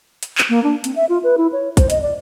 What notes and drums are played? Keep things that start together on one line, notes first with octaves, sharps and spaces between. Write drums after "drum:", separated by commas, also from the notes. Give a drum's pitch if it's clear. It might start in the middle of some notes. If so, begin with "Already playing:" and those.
drum: hi-hat
drum: clap
A#3
D4
C4, drum: hi-hat
E5
F4
B4
E4
C#5
C5, drum: kick, hi-hat
D#5, drum: hi-hat
D5